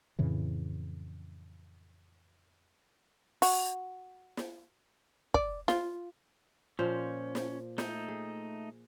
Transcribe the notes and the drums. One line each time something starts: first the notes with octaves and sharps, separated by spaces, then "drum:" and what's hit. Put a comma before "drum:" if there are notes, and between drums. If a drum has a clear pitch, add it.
F2 A2 C#3 E3
F#4, drum: open hi-hat
drum: snare
D5, drum: kick
F4, drum: snare
A#2 F3 C#4 C5
drum: snare
A3 D#4 G6, drum: snare
G#4